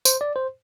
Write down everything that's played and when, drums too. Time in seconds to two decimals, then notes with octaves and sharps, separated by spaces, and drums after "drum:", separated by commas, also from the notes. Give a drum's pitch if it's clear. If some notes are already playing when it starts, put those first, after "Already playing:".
0.05 C5, drum: tambourine
0.21 D5
0.36 C5